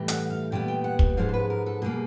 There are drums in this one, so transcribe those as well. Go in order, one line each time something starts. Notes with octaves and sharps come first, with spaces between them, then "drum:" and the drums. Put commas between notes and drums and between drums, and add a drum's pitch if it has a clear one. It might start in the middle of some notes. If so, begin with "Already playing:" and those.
Already playing: A2 E3 G3
F#5, drum: hi-hat
F5
A#2 G3 B3 G5
G5
F#5
drum: kick
G#2 F3 G#3 B3 F5
C5
B4
A#4
A4
B2 G3 A#3 G#4